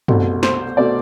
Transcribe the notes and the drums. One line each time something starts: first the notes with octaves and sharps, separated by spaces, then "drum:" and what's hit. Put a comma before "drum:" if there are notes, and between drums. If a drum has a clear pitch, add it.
C2 B2 A3, drum: tom
C5, drum: snare
B2 A3 D5